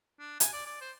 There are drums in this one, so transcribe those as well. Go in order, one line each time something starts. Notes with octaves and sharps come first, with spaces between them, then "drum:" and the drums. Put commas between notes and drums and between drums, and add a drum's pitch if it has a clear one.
D4
G#5, drum: hi-hat
D5
D5
C5